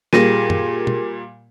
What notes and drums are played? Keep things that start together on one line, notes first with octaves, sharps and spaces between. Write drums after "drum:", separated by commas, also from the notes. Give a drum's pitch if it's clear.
A#2 G3 A#3 G#4 A#6 D#7, drum: snare
drum: tom
drum: tom